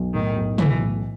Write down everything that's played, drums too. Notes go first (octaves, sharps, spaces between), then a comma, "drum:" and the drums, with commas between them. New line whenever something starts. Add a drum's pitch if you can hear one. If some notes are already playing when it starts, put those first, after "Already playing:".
Already playing: B1
A2 D#3
B1
B1 E3, drum: tom
A2